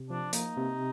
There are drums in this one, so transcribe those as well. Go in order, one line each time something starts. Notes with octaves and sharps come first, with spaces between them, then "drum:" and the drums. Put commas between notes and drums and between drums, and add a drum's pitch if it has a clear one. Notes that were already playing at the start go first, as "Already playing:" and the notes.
Already playing: C3
F3 D4
A#3 D#4, drum: hi-hat
C3